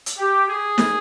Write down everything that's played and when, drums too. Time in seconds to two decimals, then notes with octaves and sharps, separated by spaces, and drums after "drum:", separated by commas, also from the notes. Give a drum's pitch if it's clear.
0.06 drum: hi-hat
0.18 G4
0.47 G#4
0.78 drum: snare